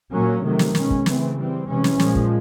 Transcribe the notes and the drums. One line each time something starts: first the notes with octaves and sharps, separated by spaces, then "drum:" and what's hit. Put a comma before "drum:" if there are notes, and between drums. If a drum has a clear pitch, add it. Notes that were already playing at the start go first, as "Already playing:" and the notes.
A#2 F#3 A#3 C#4
C3 D#3 F#3 A3
drum: snare
B2 G#3 C#4, drum: snare
drum: kick
C#3 E3 A3 C4, drum: snare
E3 G3 C4
C3 E3 G#3 C#4
drum: snare
A#2 F3 G#3, drum: snare
drum: kick